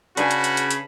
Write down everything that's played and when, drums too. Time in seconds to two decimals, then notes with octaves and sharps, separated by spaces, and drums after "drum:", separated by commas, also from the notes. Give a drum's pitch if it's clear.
0.17 C#3 D4 F#4 B4 G#5 B5, drum: hi-hat
0.31 drum: hi-hat
0.44 drum: hi-hat
0.57 drum: hi-hat
0.71 drum: hi-hat